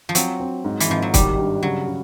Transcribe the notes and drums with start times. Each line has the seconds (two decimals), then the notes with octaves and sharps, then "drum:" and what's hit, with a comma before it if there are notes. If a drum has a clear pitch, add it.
0.09 F3
0.15 F#3 C4, drum: hi-hat
0.40 C4
0.65 G#2
0.80 E3, drum: hi-hat
0.90 G#1 F3
1.02 F#3
1.14 D#3 G3, drum: kick, hi-hat
1.39 G2
1.63 C#3 F#3
1.88 C#3